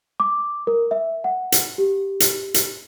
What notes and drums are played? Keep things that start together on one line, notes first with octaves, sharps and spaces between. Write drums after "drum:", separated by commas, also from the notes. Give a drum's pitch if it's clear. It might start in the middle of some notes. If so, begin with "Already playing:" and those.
D6
A#4
E5
F#5
drum: hi-hat
G4
drum: hi-hat
drum: hi-hat